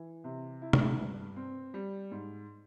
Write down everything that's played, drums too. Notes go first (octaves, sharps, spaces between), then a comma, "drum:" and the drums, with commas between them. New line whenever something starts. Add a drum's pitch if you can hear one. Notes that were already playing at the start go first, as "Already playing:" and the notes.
Already playing: E3
C3
E4
drum: tom
G2
C4
G3
G#2